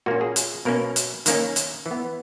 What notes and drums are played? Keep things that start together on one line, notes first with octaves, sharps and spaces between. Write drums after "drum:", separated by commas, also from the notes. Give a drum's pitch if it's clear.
A#2 A#3 C#4 F#4
G#4
drum: hi-hat
B2 A#3 C#4 A#4
drum: hi-hat
D#3 A#3 C#4, drum: hi-hat
drum: hi-hat
E3
B3